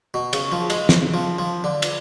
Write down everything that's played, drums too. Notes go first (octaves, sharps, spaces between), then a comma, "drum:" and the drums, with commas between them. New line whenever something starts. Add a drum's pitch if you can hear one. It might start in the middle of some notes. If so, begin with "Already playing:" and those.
B2
C#3, drum: cymbal
F3
G#3, drum: cymbal
drum: snare
F3
F3
D3
drum: cymbal